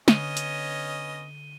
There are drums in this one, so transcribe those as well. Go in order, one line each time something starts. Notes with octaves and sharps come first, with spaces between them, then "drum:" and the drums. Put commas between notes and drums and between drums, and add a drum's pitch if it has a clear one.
D3 B3 C#4 D#5 D#7 G7, drum: snare
drum: hi-hat